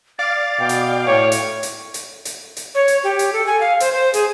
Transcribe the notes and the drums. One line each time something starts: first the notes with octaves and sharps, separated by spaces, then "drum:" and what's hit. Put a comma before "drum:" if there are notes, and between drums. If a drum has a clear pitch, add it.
D5 F5 D6 A6
B2 G5
drum: hi-hat
A2 C#5
drum: hi-hat
drum: hi-hat
drum: hi-hat
drum: hi-hat
drum: hi-hat
C#5
drum: hi-hat
G4
drum: hi-hat
A4
G#5
F5
C5, drum: hi-hat
C5
G#4, drum: hi-hat